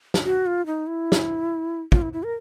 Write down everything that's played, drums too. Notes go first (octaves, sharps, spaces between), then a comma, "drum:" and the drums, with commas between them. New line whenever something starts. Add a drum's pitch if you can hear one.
drum: snare
F#4
F4
D#4
E4
drum: snare
F4, drum: kick
E4
E4
A#4